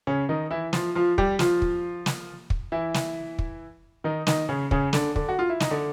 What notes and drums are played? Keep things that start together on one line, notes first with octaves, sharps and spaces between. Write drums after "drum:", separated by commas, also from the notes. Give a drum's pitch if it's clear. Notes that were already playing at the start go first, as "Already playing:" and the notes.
C#3 C#4
D#3 D#4
E3 E4
F3 F4, drum: snare
F3 F4
G3 G4, drum: kick
F3 F4, drum: snare
drum: kick
drum: snare
drum: kick
E3 E4
drum: snare
drum: kick
D#3 D#4
D#3 D#4, drum: snare
C#3 C#4
C#3 C#4, drum: kick
D3 D4, drum: snare
D3 D4, drum: kick
F#4
F4
E4
D#4, drum: snare
D3 D4